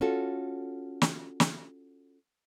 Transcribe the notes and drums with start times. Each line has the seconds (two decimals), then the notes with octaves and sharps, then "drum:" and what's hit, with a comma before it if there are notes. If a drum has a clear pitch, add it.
0.01 C#4 F4 F#4 A4
1.02 drum: snare
1.40 drum: snare